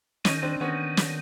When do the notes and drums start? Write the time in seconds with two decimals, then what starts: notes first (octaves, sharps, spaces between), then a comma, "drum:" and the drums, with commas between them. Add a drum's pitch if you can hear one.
0.25 D#3 C#4 D#4, drum: snare
0.43 C4 D4
0.60 D#3 B3 C#4
0.97 drum: snare